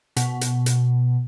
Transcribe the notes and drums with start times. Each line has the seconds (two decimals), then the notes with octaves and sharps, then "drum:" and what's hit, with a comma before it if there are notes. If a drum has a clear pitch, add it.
0.16 B2, drum: hi-hat
0.41 drum: hi-hat
0.66 drum: hi-hat